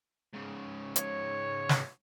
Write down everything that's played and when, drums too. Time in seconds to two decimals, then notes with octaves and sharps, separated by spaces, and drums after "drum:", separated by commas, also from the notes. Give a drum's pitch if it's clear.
0.34 G#2 C#3
0.96 C#5, drum: hi-hat
1.69 drum: snare